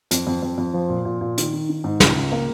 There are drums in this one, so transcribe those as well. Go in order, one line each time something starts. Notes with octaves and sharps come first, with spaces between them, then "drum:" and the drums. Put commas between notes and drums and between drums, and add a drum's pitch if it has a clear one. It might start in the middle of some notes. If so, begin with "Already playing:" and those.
F2, drum: hi-hat
F2
F2
F2
F3
A#2
A#2
A#2
D#3, drum: hi-hat
D#3
D#3
G#2
C#2, drum: snare
C#2
A#3